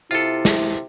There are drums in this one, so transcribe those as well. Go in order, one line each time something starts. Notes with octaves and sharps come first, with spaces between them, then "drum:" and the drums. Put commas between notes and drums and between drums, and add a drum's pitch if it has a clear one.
C3 E4 F4 A4
drum: snare